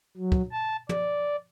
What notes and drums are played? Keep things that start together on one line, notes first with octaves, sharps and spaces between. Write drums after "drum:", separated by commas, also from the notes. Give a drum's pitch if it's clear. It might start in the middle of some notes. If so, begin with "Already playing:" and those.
F#3
drum: kick
A5
D5, drum: tom